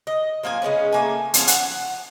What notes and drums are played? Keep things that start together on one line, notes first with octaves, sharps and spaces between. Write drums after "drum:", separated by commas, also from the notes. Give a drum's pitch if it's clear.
D#5
F3 A#3 F4 G#5
C#3 G#3 B3 C#4
A3 A#3 G#5
F3 B3 C#4, drum: hi-hat
F#5, drum: hi-hat